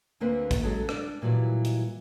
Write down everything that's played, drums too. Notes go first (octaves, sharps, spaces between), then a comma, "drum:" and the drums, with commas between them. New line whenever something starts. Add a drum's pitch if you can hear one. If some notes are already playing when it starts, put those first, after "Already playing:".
D2 D3 A#3 C4 B4
drum: kick, hi-hat
C#3 F#3 G#3 C#4 A4
D4, drum: rim click
A#2 E3 F#3 G3
drum: hi-hat